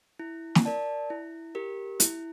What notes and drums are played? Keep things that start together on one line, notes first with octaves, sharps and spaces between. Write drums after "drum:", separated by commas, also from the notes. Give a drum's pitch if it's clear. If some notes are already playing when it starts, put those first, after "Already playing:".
E4
drum: snare
A#4 D5 A5
E4
G4 A#4
E4, drum: hi-hat